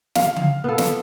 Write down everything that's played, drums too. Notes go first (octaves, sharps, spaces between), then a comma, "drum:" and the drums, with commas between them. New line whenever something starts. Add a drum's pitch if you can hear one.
F5, drum: snare
drum: tom C#3
B3 A4
drum: snare